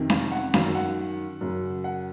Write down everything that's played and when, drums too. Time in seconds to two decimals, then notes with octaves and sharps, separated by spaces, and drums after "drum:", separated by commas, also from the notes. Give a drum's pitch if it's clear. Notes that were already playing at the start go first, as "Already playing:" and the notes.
Already playing: F2 C3 D#3
0.10 F5, drum: snare C#4
0.32 F#5
0.54 F#2 D#3 F5, drum: snare C#4
0.75 F#5
1.41 F#2 C#3
1.84 F#5